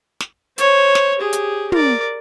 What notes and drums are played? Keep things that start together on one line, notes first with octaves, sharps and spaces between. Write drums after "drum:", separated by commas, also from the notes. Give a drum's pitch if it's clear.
drum: snare
C5 C#5, drum: hi-hat
drum: snare
G4 G#4
drum: hi-hat
A#4 D5, drum: tom